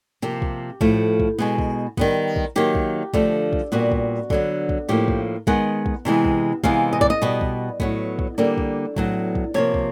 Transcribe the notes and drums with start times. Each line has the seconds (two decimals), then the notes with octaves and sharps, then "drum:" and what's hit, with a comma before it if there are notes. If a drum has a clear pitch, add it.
0.22 C3 F3 A#3 G4
0.42 drum: kick
0.81 A2 F3 A3, drum: kick
1.20 drum: kick
1.39 B2 G#3 B3
1.58 drum: kick
1.97 D#3 G3 B3, drum: kick
2.36 drum: kick
2.56 D#3 F#3 A#3 G4
2.75 drum: kick
3.14 D3 F3 A3, drum: kick
3.53 drum: kick
3.72 A#2 G3 B3 F#4
3.91 drum: kick
4.30 D3 F#3 B3, drum: kick
4.69 drum: kick
4.89 A2 F3 A#3 G4
5.08 drum: kick
5.47 D#3 G#3 B3 F#5, drum: kick
5.86 drum: kick
6.05 C3 E3 G#3 B3
6.25 drum: kick
6.64 C3 E3 G#3 B3 F5, drum: kick
6.93 D#5
7.01 D5, drum: kick
7.10 D#5
7.22 B2 G3 B3
7.41 drum: kick
7.80 A2 F#3 B3, drum: kick
8.19 drum: kick
8.38 D3 G3 A#3 D5
8.58 drum: kick
8.96 A2 F#3 B3, drum: kick
9.35 drum: kick
9.54 C3 F3 A#3 C#5
9.74 drum: kick